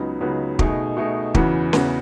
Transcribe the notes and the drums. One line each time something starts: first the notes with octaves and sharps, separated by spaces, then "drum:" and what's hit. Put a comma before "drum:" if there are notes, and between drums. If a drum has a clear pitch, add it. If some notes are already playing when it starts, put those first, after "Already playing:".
Already playing: C#2 C#3 F#3 B3 D#4
C#2 C#3 F#3 B3 D#4
B2 A3 D#4 G#4, drum: kick
B2 A3 D#4 G#4
E2 C#3 E3 B3 F#4, drum: kick
E2 C#3 E3 B3 F#4, drum: snare C#4